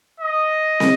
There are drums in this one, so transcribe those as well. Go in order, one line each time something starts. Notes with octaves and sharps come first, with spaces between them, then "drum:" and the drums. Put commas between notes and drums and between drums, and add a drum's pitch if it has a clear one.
D#5
drum: snare